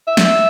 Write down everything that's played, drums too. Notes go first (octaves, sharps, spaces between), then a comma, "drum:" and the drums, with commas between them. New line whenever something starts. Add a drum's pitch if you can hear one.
E5
drum: snare